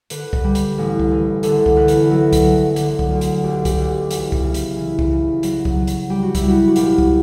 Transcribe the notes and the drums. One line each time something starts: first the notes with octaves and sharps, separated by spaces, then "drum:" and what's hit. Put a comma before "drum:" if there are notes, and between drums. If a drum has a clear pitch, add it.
D3 B4, drum: hi-hat
drum: kick C2
G3
drum: hi-hat
A1
drum: kick C2
E3
D3 A4, drum: hi-hat
drum: kick C2
E2 B4
drum: hi-hat
F#3 A4
drum: kick C2, hi-hat
F#3
D3, drum: hi-hat
drum: kick C2
D2
drum: hi-hat
B1 G4
G4, drum: kick C2, hi-hat
B1
E2, drum: hi-hat
drum: kick C2
C#3
drum: hi-hat
E3 E4
drum: kick C2
C#3
F#3, drum: hi-hat
drum: kick C2
F#3
drum: hi-hat
G3 G4
F#4
E4, drum: kick C2, hi-hat
G3 F#4
F#4
E1 G4, drum: hi-hat
drum: kick C2